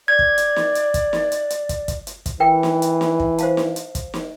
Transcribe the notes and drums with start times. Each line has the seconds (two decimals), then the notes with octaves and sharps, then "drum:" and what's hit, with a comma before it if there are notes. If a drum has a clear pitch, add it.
0.08 D5 G#6
0.19 drum: kick
0.38 drum: hi-hat
0.56 drum: snare
0.75 drum: hi-hat
0.94 drum: kick, hi-hat
1.13 drum: snare
1.32 drum: hi-hat
1.50 drum: hi-hat
1.69 drum: kick, hi-hat
1.88 drum: kick, hi-hat
2.07 drum: hi-hat
2.26 drum: kick, hi-hat
2.40 E3 A#4 G5
2.63 drum: snare
2.82 drum: hi-hat
3.01 drum: snare
3.20 drum: kick
3.38 C5 F5 A5, drum: hi-hat
3.57 drum: snare
3.76 drum: hi-hat
3.95 drum: kick, hi-hat
4.14 drum: snare